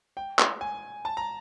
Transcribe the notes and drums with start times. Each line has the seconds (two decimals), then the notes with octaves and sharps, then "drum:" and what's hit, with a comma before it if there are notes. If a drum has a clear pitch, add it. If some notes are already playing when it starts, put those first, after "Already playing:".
0.17 G5
0.39 drum: clap
0.61 G#5
1.05 A5
1.17 A#5